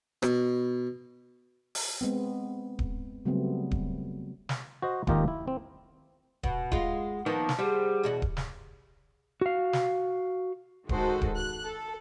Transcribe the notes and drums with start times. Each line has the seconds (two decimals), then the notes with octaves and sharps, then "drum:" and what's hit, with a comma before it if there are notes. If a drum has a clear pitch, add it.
0.23 B2, drum: rim click
1.75 drum: open hi-hat
2.01 G#3 B3 C4
2.79 drum: kick D1
3.25 C#3 F#3 G3 A3 B3 C4
3.71 drum: kick D1
4.49 drum: snare
4.82 F#4 C5 D#5
5.07 G#1 D#2 F4 G4 A#4 D#5, drum: kick D1
5.28 E4
5.48 C4
6.43 B2 F#5, drum: kick D1
6.72 G#3 F4, drum: kick D1
7.26 D#3 F3 A#3 B3
7.49 drum: snare
7.59 G3 C4 G#4 F#5
8.03 E2 B2 F#4
8.22 drum: kick D1
8.37 drum: snare
9.41 F#4 F5
9.73 drum: snare
10.89 D#3 G#3 F#4 A4 C5, drum: kick D1
11.22 drum: kick D1
11.34 F#6
11.65 A4